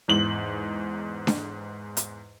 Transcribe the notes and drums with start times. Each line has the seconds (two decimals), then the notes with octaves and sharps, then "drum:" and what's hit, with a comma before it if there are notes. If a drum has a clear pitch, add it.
0.08 E2 G#2 F#7
1.27 drum: snare D4
1.97 drum: hi-hat